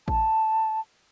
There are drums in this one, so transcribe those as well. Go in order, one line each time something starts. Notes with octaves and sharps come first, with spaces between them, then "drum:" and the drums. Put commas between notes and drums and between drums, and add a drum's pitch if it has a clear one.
A5, drum: kick A1